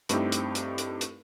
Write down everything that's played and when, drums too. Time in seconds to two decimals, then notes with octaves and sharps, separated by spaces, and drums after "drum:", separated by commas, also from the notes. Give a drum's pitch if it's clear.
0.09 G2 A3 C4 D#4 E4 G4, drum: hi-hat
0.32 drum: hi-hat
0.55 drum: hi-hat
0.78 drum: hi-hat
1.01 drum: hi-hat